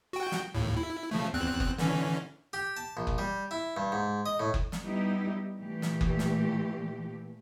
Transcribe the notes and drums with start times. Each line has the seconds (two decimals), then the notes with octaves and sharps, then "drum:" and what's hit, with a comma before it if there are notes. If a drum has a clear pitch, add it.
0.13 F#4 G5
0.32 drum: snare
0.55 D#2 A2
0.77 E4
1.11 C#3 F3 A3
1.34 E2 C4 F#6
1.60 drum: kick F#1
1.78 D3 E3 C#4, drum: snare
2.53 G4
2.77 A5
2.97 A#1
3.07 drum: kick F#1
3.18 G3
3.51 E4
3.77 G2
3.92 G#2
4.26 D#5
4.40 A2
4.54 drum: kick F#1
4.72 drum: snare
4.82 G3 B3 D#4 E4 G4
5.59 A#2 E3 A3 G4
5.82 drum: snare
6.01 drum: kick F#1
6.19 drum: snare